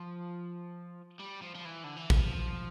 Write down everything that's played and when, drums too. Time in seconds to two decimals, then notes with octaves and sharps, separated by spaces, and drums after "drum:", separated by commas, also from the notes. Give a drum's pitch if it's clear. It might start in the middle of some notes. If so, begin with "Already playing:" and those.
Already playing: F3
1.19 G3
1.42 F3
1.55 F3
1.65 E3
1.84 D3
1.96 E3
2.10 F3, drum: kick